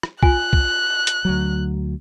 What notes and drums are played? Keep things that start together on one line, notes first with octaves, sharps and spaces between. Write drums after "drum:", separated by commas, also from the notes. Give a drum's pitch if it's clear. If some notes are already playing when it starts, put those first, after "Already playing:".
drum: rim click
F4 G#5 F#6, drum: kick
drum: kick
drum: hi-hat
D2 F#3